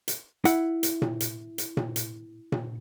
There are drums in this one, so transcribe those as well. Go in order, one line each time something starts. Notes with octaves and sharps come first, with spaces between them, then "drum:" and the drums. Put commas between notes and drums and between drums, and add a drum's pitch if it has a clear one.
drum: hi-hat
E4 F#5, drum: hi-hat
drum: hi-hat
drum: tom A#2
drum: hi-hat
drum: hi-hat
drum: tom A#2
drum: hi-hat
drum: tom A#2